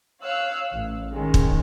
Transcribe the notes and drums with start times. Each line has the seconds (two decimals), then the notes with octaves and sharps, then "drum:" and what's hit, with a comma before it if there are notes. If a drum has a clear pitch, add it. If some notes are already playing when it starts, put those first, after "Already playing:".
0.21 C#5 F5 E6 F#6
0.73 A1
1.13 D#3 G#3 C#4
1.34 drum: kick